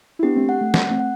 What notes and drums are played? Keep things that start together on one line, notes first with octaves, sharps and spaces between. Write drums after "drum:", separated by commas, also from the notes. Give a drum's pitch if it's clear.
E4
B3 D4 G4
A3 C4
F#5
A3
F#5, drum: snare
A3 C4
F#5